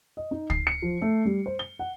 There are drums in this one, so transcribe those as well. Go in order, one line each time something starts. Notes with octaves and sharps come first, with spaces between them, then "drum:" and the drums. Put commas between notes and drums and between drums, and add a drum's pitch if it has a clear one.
D#5
D#4
C7, drum: kick
C#7
F3
A3
G3
C5
G7
F#5